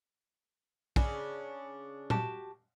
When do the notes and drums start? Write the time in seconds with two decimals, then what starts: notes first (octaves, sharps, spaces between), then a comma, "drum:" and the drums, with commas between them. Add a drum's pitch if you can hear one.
0.96 C#3 C#4 D4, drum: kick
2.10 F#4 G4 A5, drum: tom A#2